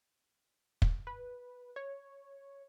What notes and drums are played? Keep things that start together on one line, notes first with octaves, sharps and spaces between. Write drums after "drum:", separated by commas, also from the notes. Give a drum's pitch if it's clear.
drum: kick
B4
C#5